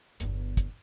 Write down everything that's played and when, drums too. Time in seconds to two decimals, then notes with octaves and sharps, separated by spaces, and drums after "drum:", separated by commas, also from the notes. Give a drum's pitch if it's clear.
0.20 G1 E2, drum: hi-hat
0.57 drum: kick, hi-hat